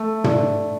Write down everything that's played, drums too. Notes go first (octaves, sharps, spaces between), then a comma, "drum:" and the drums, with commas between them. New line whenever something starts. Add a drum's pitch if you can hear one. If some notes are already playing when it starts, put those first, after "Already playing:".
Already playing: A3
D4, drum: tom